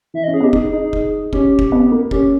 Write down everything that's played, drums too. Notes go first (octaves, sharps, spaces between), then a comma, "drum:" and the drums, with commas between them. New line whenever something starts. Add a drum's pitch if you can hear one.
E3 E5
D#5
C#4
G#4
B3 G4
D#4 G#4, drum: kick
D#4
drum: kick
C#4 G4, drum: kick
drum: kick
B3
A#3
C#4 G4, drum: kick